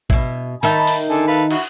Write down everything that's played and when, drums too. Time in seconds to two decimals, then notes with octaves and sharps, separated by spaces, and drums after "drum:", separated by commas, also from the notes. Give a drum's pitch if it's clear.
0.10 B2 E4, drum: kick
0.63 D#3 D#4 E5 A5 B5
0.87 drum: open hi-hat
1.10 D3 G#4 A4
1.27 A4 B4 F5
1.51 E4 F#4, drum: cymbal